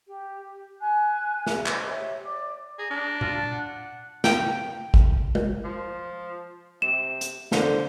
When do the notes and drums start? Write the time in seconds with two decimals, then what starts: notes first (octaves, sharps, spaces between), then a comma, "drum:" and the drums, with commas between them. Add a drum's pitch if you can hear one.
0.06 G4
0.80 G#5 F#6
1.47 G#4 D5 E5, drum: snare
1.66 C5 D5 D#5, drum: clap
1.85 G4 C#5 E5
2.24 D5 D6
2.79 G#4 A#5
2.91 D4
3.21 F4, drum: tom A#2
3.35 A5
3.51 F#5
4.24 G5, drum: snare
4.94 drum: kick
5.35 drum: tom G#3
5.64 F3
6.82 C3 E7
7.21 drum: hi-hat
7.52 D3 C5, drum: snare